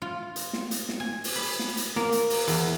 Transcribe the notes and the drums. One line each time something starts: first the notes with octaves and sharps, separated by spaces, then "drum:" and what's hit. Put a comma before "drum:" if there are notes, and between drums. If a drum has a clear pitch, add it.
F4
drum: hi-hat
drum: snare
drum: hi-hat
drum: snare
G#5
drum: open hi-hat
B5
drum: snare
drum: hi-hat
A#3, drum: snare
drum: hi-hat
drum: open hi-hat
E2, drum: hi-hat